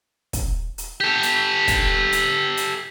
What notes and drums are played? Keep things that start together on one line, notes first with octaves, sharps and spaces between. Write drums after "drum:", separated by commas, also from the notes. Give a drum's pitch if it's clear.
drum: kick, hi-hat
drum: hi-hat
G4 A4
drum: hi-hat
drum: kick, hi-hat
drum: hi-hat
drum: hi-hat